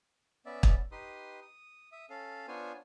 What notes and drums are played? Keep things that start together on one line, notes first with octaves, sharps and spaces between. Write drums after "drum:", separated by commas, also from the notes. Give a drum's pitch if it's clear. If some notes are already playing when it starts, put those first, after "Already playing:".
B3 C#4 D5 E5
drum: kick
D#4 G4 B4 C6 D#6
D#6
E5 D#6
C#4 A4 F5
B3 D4 F4 C5 C#5 G#5